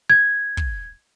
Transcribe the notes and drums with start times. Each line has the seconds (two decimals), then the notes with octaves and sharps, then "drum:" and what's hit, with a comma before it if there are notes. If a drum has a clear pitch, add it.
0.10 G#6
0.57 drum: kick